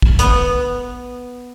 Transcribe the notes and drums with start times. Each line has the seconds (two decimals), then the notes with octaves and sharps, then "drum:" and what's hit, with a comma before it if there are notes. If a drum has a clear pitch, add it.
0.02 drum: kick
0.19 B3, drum: hi-hat